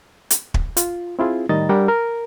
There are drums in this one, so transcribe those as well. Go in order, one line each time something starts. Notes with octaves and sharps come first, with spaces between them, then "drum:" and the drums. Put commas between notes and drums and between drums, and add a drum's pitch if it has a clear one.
drum: hi-hat
drum: kick
F4, drum: hi-hat
C4 E4 F4 G#4
A2 D#3 G3 D#5 A#5 A6
G3 D4 G4 A#4 F#5 G5
A#4